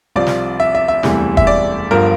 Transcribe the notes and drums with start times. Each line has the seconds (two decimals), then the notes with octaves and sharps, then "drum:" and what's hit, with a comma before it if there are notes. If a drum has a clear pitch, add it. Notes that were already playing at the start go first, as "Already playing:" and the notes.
0.16 C2 C3 F3 D5
0.27 drum: snare
0.60 E5
0.75 E5
0.88 E5
1.03 E1 D2 C3 E3 G3, drum: snare
1.37 E5, drum: kick E1
1.47 D5
1.91 G1 G2 F3 A#4